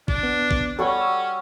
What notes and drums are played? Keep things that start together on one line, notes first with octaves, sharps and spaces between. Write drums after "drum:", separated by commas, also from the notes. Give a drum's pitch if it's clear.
D4, drum: kick G#1
B3
drum: kick G#1
G3 C#4 A4 C#5 F#5
E6